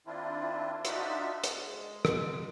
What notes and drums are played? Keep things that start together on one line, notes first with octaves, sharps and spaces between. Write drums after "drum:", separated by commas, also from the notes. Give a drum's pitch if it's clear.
D#3 C4 D4 E4 F4
D4 D#4 F4 F#4 E5, drum: hi-hat
G#3, drum: hi-hat
drum: rim click